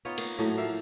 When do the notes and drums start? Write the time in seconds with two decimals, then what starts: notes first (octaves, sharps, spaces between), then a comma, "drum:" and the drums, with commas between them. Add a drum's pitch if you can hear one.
0.05 B3 D#4 F4 C#5
0.18 A#3, drum: cymbal
0.38 A2 F#3 A3
0.57 F3 A#3 E5 F5